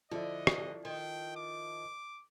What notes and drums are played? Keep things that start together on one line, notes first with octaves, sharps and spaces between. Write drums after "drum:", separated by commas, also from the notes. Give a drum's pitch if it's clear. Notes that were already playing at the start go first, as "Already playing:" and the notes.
D3 F3 E4 D#5
drum: rim click
D#3 G5
D6